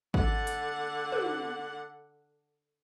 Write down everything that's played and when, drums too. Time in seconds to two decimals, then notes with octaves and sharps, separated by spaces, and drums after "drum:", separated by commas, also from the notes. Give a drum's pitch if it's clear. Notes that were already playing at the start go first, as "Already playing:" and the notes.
0.14 D3 F#5, drum: kick G#1
0.47 drum: hi-hat
1.12 drum: tom